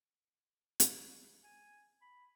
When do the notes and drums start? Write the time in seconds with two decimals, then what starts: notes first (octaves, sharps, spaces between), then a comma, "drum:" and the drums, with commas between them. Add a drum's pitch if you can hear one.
0.80 drum: hi-hat
1.44 G#5
2.02 B5